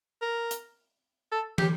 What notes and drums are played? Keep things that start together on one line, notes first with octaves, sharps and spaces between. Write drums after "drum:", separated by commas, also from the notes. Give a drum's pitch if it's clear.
A#4
drum: hi-hat
A4
G4, drum: tom